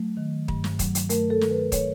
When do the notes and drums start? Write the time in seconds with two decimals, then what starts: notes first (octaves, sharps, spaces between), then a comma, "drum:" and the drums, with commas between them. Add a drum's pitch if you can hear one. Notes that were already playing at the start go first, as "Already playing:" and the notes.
Already playing: F#3 A3
0.17 D#3
0.48 G2, drum: kick
0.64 drum: snare
0.79 F#3, drum: kick, hi-hat
0.95 drum: hi-hat
1.10 A3 A#4, drum: hi-hat
1.30 A4
1.41 D#3, drum: snare
1.51 B4
1.72 C#5, drum: kick, hi-hat